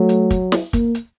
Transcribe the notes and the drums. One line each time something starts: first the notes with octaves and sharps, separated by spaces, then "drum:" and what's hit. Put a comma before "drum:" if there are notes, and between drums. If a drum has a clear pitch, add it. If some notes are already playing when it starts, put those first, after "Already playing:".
Already playing: F#3 A3
drum: hi-hat
drum: kick, hi-hat
drum: snare
A#3, drum: kick, hi-hat
drum: hi-hat